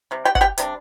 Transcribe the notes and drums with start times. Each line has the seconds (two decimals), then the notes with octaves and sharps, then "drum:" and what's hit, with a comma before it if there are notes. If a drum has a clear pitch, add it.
0.11 C3 G3
0.25 G4 G5
0.35 F#5, drum: kick
0.41 G4 G5
0.58 C3 G3 D4, drum: hi-hat